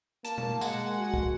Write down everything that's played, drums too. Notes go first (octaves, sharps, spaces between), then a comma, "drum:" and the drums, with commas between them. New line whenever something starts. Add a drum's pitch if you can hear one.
A#3 A5, drum: hi-hat
drum: tom B2
G#3 F#5, drum: tambourine
F#4
drum: kick C2